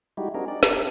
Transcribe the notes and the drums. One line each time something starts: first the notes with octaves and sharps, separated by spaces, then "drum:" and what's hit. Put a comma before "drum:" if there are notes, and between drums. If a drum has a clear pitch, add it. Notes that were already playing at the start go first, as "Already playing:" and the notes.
G3 G#3 D#4 E4 F#4 G4
C4 D4 D#4 F#4 G#4 A#4
D#4 D5
G4 A4 A#4, drum: snare